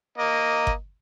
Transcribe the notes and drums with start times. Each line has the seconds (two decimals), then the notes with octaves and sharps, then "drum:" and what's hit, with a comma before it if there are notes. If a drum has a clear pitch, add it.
0.18 A#3 D#5
0.67 drum: kick G1